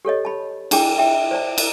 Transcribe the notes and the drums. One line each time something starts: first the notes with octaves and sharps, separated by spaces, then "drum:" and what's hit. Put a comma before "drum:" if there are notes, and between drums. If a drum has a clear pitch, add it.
G4 A4 C#5 D#5
A5 B5
D4 E4 G#4 G5 D6, drum: cymbal
E5 G5
C5 D5 A5
drum: cymbal